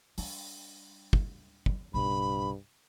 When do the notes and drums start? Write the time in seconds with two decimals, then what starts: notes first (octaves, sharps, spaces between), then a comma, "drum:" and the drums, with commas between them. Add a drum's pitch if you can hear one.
0.18 G3 D4, drum: open hi-hat
1.13 drum: kick
1.66 drum: kick
1.94 B1 G2 C#3 B5